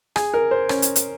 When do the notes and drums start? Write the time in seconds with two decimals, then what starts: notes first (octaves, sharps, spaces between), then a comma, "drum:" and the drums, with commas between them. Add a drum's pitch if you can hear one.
0.16 G#4, drum: rim click
0.34 A#4
0.51 C5
0.69 C#4, drum: rim click
0.82 drum: hi-hat
0.96 drum: hi-hat